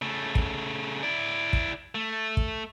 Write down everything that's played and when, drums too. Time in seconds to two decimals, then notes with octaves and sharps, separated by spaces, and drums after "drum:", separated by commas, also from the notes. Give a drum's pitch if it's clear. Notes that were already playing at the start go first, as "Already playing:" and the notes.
0.02 C#3 A3
0.35 drum: kick
1.03 E4 D5
1.53 drum: kick
1.95 A3
2.37 drum: kick